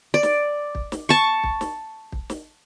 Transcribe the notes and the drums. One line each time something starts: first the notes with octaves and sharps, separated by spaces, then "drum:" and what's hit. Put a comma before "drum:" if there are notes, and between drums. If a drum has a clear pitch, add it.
D5
drum: snare
drum: kick
drum: snare
A5 C#6
drum: kick
drum: snare
drum: kick
drum: snare